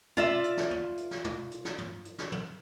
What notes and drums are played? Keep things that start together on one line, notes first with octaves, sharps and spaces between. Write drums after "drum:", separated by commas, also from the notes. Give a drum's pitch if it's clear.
F4 D5 E5, drum: tom
drum: hi-hat
drum: snare
drum: tom
drum: hi-hat
drum: snare
drum: tom
drum: hi-hat
drum: snare
drum: tom
drum: hi-hat
drum: snare
drum: tom